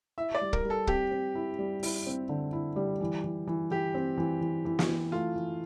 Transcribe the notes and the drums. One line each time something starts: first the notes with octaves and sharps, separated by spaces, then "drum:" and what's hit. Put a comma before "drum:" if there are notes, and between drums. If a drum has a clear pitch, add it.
E4 E5
D5
G3
A#4, drum: kick
G3
A4
C4 G4, drum: kick
C4
E4
G3
E4, drum: open hi-hat
C4
D3
E4
G3
E3
E3
E3
E3 G4
C4
E3
E3
E3
drum: snare
E3
A3 F4
E3